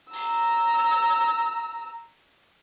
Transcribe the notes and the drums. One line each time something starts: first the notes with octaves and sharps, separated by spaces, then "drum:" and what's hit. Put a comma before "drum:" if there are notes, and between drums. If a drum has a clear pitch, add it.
A#5 E6, drum: open hi-hat